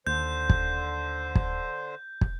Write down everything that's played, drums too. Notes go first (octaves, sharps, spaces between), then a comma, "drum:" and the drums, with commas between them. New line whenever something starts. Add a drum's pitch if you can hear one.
D#2 D3 C5 G6
drum: kick
drum: kick
drum: kick